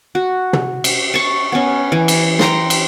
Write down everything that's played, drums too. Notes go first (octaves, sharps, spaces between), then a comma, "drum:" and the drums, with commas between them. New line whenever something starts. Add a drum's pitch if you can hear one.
F#4
drum: tom
drum: cymbal
A5 C#6
B3 C#4
E3
drum: cymbal
G5 A#5 C6, drum: snare
drum: cymbal